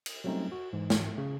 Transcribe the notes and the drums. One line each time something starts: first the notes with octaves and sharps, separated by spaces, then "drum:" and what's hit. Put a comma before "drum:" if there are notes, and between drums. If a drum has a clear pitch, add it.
drum: cymbal
F#3 G3 A3 C4 C#4 D#4
F#4
G#2 E3
drum: snare
C#3